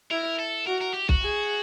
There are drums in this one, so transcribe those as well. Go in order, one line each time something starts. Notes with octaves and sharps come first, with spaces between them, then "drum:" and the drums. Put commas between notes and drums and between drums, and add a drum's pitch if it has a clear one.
E4 A#4
A4
F#4 A#4
A#4
G4
F#4, drum: kick B1
G#4